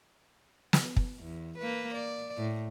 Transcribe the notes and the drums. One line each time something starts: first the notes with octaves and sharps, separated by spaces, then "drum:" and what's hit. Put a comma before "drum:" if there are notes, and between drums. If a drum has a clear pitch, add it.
drum: snare
drum: kick
E2
A#3 B4
D5
A2